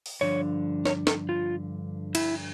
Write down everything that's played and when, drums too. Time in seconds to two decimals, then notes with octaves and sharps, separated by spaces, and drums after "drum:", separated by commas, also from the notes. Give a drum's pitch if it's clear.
0.06 drum: open hi-hat
0.21 G2 D3 F3 D4 C#5
0.85 C#5, drum: snare
1.07 A4, drum: snare
1.29 F4
2.15 E4, drum: cymbal